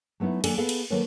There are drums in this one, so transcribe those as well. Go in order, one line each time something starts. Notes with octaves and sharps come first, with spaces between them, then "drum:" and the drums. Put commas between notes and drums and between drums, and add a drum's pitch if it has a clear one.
F#3 A3 B3 D#4 E4
D#3 F#3 A#3 D4 A4 G#5, drum: cymbal
B3 G#4 A4 F5
drum: cymbal
D#3 F#3 A3 A#3 B4 C#5